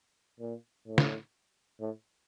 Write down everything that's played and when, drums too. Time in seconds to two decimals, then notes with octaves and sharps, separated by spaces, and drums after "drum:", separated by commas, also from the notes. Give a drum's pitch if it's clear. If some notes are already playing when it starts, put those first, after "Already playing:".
0.40 A#2
0.87 A2
0.98 drum: snare
1.80 A2